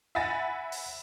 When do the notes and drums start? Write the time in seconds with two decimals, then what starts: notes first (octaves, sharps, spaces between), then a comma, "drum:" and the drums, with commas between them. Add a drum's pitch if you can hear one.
0.15 E5 F#5 G#5 B5 A6 A#6
0.72 drum: open hi-hat